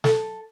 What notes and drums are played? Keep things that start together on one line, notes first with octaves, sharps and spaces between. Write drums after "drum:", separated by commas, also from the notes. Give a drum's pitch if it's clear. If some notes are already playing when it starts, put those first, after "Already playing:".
A4, drum: snare